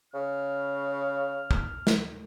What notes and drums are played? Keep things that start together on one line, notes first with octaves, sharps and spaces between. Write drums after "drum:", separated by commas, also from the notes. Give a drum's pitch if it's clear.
C#3 F6
drum: kick
drum: snare